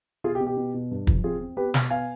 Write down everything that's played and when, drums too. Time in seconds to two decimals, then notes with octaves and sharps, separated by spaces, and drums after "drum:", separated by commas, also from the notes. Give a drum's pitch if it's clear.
0.24 B2 F4 G#4
0.35 G4
0.40 B2
0.47 G4
0.57 B2
0.74 B2
0.91 G2
1.07 F3, drum: kick
1.24 C4 F4 G#4
1.41 C4
1.57 B3 G4 B4
1.74 B2, drum: snare
1.90 B3 F5 G#5